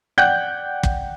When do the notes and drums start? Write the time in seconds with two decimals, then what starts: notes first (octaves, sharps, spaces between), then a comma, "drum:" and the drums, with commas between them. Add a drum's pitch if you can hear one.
0.18 D5 F#5 G5 F#6 G6
0.83 drum: kick